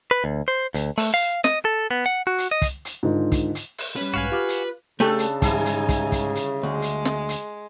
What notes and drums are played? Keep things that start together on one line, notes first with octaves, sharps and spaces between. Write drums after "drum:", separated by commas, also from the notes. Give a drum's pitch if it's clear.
B4
D2
C5
D2, drum: hi-hat
A3, drum: open hi-hat
F5
D#5, drum: snare
A4
B3
F#5
F#4
drum: hi-hat
D#5
drum: kick, hi-hat
drum: hi-hat
G#2 D3 D#3 F4
drum: kick, hi-hat
drum: hi-hat
drum: open hi-hat
G3 C#4 B4
B1 G#2 F#4 F5 G#5
F4 G4 D6 F6
drum: hi-hat
C#3 A3 D4 G4 A4 G#5
drum: hi-hat
G#2 D3 G3 D#4 E4 G#5, drum: kick, hi-hat
drum: hi-hat
drum: kick, hi-hat
drum: kick, hi-hat
drum: hi-hat
D2 G#3
drum: hi-hat
drum: snare
drum: hi-hat